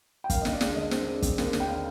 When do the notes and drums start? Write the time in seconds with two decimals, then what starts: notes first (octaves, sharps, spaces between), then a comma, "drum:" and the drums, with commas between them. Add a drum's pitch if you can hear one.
0.24 G5
0.30 D#2 F5, drum: kick, hi-hat
0.41 D#5
0.45 D3, drum: snare
0.53 D5
0.61 G#3, drum: snare
0.76 D3 D#5
0.91 C4, drum: snare
1.07 G#3
1.22 C4, drum: kick, hi-hat
1.38 D#2, drum: snare
1.53 D3, drum: snare
1.60 G5
1.68 F5